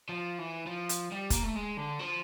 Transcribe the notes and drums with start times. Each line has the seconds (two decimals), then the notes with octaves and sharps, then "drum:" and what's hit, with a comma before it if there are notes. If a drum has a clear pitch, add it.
0.09 F3
0.39 E3
0.67 F3
0.89 drum: hi-hat
1.12 G3
1.30 A#3, drum: kick, hi-hat
1.43 A3
1.55 G#3
1.77 D3
1.99 F3